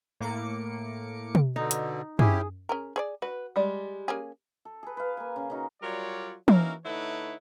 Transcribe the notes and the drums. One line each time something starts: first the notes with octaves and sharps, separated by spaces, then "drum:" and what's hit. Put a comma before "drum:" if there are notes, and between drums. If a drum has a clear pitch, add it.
A2 A#3 D6 C#7
drum: tom
B2 D3 D#4
drum: hi-hat
C#4 E4 G4 G#4, drum: tom
C#4 G#4 A#4
G#4 C#5 D5
F#4 B4
G3 G#3 D5
A#3 C#4 G#4
A4
G#4 B4
B4 F5
A#3 G#5
C#3
C#3 D#4 F#4
F#3 G3 F4 A#4 C#5 D5
A#3 C#4 D#4 E4 F#4 A#4, drum: tom
D3 A3 D#4 E4 B4 C#5